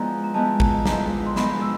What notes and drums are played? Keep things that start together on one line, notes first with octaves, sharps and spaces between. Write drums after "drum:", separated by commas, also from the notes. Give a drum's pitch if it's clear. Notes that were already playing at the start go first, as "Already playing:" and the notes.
Already playing: F3 G#3 B3 D4 E4 A#5
A#5
F3 G#3 B3 E4 A5
drum: kick G#1
F3 G#3 B3 E4 A#5, drum: snare
C6
F3 G#3 B3 E4 B5, drum: snare
E6